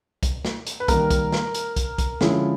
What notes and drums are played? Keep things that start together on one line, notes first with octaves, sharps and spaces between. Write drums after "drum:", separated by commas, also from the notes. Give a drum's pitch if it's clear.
drum: kick, hi-hat
drum: snare
drum: hi-hat
B4
D#3 G3 A#3 A#4, drum: kick, hi-hat
drum: kick, hi-hat
drum: snare
drum: hi-hat
drum: kick, hi-hat
drum: kick, hi-hat
D3 F3 G#3 C#4 E4, drum: snare